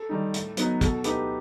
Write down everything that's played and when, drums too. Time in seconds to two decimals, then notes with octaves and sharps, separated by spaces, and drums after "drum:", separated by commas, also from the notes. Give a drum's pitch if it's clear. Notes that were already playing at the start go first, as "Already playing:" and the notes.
Already playing: A4
0.09 D#3 G3 D#4
0.34 A2, drum: hi-hat
0.57 F#3 B3 D#4, drum: hi-hat
0.81 B2 A4, drum: kick, hi-hat
1.04 A3 D#4 G4 B4, drum: hi-hat